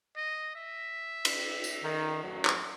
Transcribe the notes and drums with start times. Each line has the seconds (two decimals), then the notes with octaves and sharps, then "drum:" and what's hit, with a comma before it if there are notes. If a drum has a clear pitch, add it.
0.16 D#5
0.56 E5
1.25 drum: cymbal
1.64 drum: tambourine
1.82 D#3
2.22 A1 F#2 F#3
2.45 drum: clap